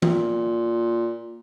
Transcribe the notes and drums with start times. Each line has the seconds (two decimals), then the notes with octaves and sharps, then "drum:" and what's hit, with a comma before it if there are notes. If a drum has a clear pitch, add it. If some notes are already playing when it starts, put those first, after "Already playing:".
0.02 A#2, drum: tom E3